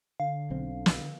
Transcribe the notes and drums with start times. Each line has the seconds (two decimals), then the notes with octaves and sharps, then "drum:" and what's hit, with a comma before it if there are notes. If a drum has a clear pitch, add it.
0.20 D3 F5
0.50 B1 C4
0.86 drum: snare